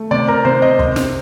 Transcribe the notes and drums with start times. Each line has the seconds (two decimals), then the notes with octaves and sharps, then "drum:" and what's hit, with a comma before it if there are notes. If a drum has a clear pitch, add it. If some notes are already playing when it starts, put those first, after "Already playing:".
Already playing: A3
0.11 C3 D5
0.28 A#4
0.45 C3 C5
0.62 D#5
0.79 C3, drum: kick
0.96 drum: snare